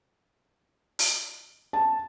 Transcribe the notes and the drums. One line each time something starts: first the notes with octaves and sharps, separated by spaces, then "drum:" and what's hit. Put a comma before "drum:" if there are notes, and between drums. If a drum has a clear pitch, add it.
drum: open hi-hat
A5